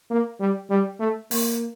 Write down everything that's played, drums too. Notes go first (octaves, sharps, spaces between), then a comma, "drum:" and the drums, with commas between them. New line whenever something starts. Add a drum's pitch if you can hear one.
A#3
G3
G3
A3
A#3, drum: open hi-hat